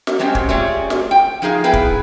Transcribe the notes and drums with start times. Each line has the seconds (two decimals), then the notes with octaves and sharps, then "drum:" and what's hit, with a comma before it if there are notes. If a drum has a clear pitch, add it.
0.07 drum: snare
0.19 F#3 G#3 C4 C#4 G4
0.35 drum: kick
0.49 A3 F4 G4 G#4 C#5 D5
0.90 drum: snare
1.11 G5
1.42 F3 D#4 G#4 F5
1.64 B3 E4 G#4 B4 G5
1.73 drum: kick